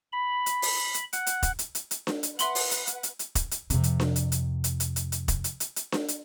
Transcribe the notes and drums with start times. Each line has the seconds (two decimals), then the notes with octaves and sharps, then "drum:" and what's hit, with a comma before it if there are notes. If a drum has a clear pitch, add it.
0.12 B5
0.46 drum: hi-hat
0.62 drum: open hi-hat
0.94 drum: hi-hat
1.13 F#5, drum: hi-hat
1.26 drum: hi-hat
1.43 drum: kick, hi-hat
1.59 drum: hi-hat
1.75 drum: hi-hat
1.91 drum: hi-hat
2.07 drum: snare D4
2.23 drum: hi-hat
2.39 B4 E5 F#5 C6 F#7, drum: hi-hat
2.55 drum: open hi-hat
2.71 drum: hi-hat
2.87 drum: hi-hat
3.03 drum: hi-hat
3.19 drum: hi-hat
3.35 drum: kick, hi-hat
3.51 drum: hi-hat
3.70 F2 C3, drum: hi-hat
3.84 drum: hi-hat
4.00 drum: snare D4
4.16 drum: hi-hat
4.32 drum: hi-hat
4.64 drum: hi-hat
4.80 drum: hi-hat
4.96 drum: hi-hat
5.12 drum: hi-hat
5.28 drum: kick, hi-hat
5.44 drum: hi-hat
5.60 drum: hi-hat
5.76 drum: hi-hat
5.92 drum: snare D4
6.08 drum: hi-hat